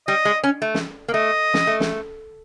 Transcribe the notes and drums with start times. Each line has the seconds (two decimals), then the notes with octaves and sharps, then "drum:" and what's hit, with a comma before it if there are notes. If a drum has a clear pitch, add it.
0.08 G3 D#5
0.25 G#3
0.44 C#4
0.62 A3
0.74 drum: snare
1.08 A#3
1.14 A3 D#5
1.54 drum: snare
1.67 A3
1.80 drum: snare